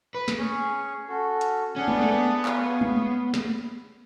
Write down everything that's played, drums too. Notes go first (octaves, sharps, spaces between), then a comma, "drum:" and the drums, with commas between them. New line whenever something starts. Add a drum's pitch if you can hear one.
B4
drum: snare
C#4 G#4 C#5
C#4 F#4 A4
drum: hi-hat
C#4 D4 G#4 D5 F#5
B3, drum: tom G#3
A3
B3
G#4 C#5 F5 G#5, drum: clap
drum: tom G#3
drum: snare